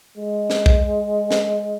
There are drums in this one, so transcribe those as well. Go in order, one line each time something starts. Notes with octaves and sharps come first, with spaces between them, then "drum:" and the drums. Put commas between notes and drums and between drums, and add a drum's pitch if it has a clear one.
G#3
drum: snare
drum: kick
drum: snare